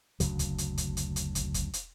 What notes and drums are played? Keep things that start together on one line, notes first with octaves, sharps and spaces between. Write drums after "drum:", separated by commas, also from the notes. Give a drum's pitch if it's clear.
F#1 D2 C#3 F#3, drum: kick, hi-hat
drum: kick, hi-hat
drum: hi-hat
drum: kick, hi-hat
drum: hi-hat
drum: hi-hat
drum: kick, hi-hat
drum: kick, hi-hat
drum: hi-hat